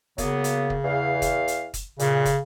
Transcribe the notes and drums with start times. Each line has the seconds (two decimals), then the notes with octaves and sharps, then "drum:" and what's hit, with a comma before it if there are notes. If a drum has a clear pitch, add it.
0.18 C#3 F#3 A#3 B3, drum: kick, hi-hat
0.44 drum: hi-hat
0.70 drum: kick
0.85 E2 F5
1.22 drum: kick, hi-hat
1.48 drum: hi-hat
1.74 drum: kick, hi-hat
1.99 A#2 C#3, drum: hi-hat
2.25 drum: kick, hi-hat